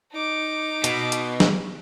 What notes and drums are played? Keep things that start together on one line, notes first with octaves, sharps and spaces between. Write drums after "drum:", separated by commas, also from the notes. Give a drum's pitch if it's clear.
D#4 D6
B2, drum: hi-hat
drum: hi-hat
drum: snare